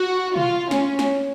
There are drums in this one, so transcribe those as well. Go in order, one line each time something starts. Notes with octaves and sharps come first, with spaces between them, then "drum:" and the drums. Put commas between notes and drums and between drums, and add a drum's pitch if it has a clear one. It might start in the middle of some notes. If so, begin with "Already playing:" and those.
Already playing: F#4
F4, drum: tom B2
C#4, drum: snare
drum: snare